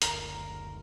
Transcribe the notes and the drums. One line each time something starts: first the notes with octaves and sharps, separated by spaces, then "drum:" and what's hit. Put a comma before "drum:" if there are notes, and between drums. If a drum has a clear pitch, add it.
F#1 D2 A#4, drum: hi-hat